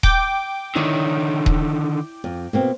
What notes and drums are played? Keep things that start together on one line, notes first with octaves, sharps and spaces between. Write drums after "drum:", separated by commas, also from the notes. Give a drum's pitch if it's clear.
G5 D6, drum: kick D#1
D3 D#3 E4 C#5 D5
drum: kick D#1
F2
B2 A#3 C4